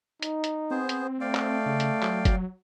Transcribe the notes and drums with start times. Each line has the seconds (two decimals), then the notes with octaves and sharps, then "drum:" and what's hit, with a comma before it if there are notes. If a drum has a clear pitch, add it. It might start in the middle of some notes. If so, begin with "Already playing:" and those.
0.23 D#4, drum: hi-hat
0.44 drum: hi-hat
0.71 B3 C4 G#4 C5
0.89 drum: hi-hat
1.21 A3 D5 F5 G5
1.35 drum: clap
1.66 C#3
1.80 drum: hi-hat
2.03 F#3, drum: clap
2.25 drum: kick, hi-hat